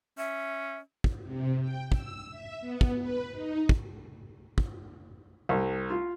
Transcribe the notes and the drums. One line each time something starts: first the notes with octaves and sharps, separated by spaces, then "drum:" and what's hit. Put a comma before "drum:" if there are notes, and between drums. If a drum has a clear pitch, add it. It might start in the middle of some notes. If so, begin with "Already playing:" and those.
C#4 E5
drum: kick
C3
G5
E6, drum: kick
E5
B3
drum: kick
B4
D#4
drum: kick
drum: kick
C2
F4